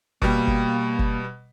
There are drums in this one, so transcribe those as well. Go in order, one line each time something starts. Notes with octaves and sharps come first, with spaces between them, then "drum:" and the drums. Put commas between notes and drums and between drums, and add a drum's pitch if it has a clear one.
B2 G3 A#3, drum: kick F#1
drum: kick F#1
drum: kick F#1